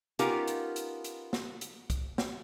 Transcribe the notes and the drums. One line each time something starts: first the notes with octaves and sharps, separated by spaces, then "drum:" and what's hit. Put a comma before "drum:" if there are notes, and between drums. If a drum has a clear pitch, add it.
B3 C#4 D#4 F4 G4 A#4, drum: hi-hat
drum: hi-hat
drum: hi-hat
drum: hi-hat
drum: snare
drum: hi-hat
drum: kick, hi-hat
drum: snare